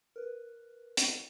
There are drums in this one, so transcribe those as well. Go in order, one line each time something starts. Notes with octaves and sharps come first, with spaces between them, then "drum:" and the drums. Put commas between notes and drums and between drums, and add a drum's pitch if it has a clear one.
A#4 B4
drum: hi-hat